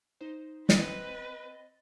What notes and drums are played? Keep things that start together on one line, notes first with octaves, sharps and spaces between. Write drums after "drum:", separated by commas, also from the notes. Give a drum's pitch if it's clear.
D#4 C5
C4 B4 D#5 A6, drum: snare